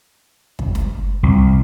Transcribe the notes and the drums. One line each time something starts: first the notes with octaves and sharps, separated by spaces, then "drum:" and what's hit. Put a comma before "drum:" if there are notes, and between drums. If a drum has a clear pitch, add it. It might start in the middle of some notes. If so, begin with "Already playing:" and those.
drum: kick
drum: snare
C2